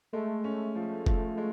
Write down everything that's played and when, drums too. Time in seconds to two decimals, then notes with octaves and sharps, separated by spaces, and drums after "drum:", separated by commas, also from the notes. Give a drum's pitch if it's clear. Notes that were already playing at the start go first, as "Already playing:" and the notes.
0.13 G#3 A3
0.44 C#4
0.75 F3
1.06 F3, drum: kick
1.37 G#3